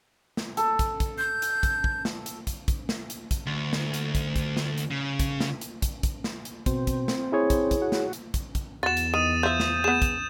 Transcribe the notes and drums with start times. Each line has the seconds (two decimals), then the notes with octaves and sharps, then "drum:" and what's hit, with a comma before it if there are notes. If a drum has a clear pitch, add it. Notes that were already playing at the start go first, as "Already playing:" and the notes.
0.37 drum: snare
0.57 A4, drum: hi-hat
0.79 drum: kick, hi-hat
1.00 drum: kick, hi-hat
1.18 G6
1.42 drum: hi-hat
1.63 drum: kick, hi-hat
1.84 drum: kick
2.05 drum: snare
2.26 drum: hi-hat
2.47 drum: kick, hi-hat
2.68 drum: kick, hi-hat
2.89 drum: snare
3.10 drum: hi-hat
3.31 drum: kick, hi-hat
3.46 D2
3.73 drum: snare
3.94 drum: hi-hat
4.15 drum: kick, hi-hat
4.36 drum: kick, hi-hat
4.57 drum: snare
4.78 drum: hi-hat
4.91 C#3
5.20 drum: kick, hi-hat
5.40 drum: snare
5.61 drum: hi-hat
5.82 drum: kick, hi-hat
6.03 drum: kick, hi-hat
6.24 drum: snare
6.45 drum: hi-hat
6.66 B2 C4, drum: kick, hi-hat
6.87 drum: kick, hi-hat
7.08 drum: snare
7.32 E4 G#4 C#5
7.50 drum: kick, hi-hat
7.71 drum: kick, hi-hat
7.82 F#4
7.92 drum: snare
8.13 drum: hi-hat
8.34 drum: kick, hi-hat
8.55 drum: kick, hi-hat
8.83 E2 F4 F#4 A6 E7
8.97 drum: hi-hat
9.14 D#3 D#6 D#7
9.43 F3 E5 G6
9.60 drum: snare
9.84 B3 G#4 E7
10.02 drum: kick, hi-hat